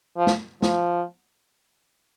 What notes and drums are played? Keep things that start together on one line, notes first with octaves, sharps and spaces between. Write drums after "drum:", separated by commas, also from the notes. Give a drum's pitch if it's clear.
F3
drum: snare
F3, drum: snare